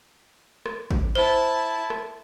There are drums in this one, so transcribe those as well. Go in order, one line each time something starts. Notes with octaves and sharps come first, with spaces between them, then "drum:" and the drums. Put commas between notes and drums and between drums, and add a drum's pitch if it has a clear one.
drum: rim click
drum: kick G#1
E4 C5 A5
drum: rim click